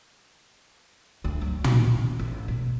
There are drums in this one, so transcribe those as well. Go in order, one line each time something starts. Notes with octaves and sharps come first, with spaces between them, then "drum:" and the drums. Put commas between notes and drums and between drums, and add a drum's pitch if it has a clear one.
D2 G#2
F#3
D#3, drum: tom
C#3
A1
B2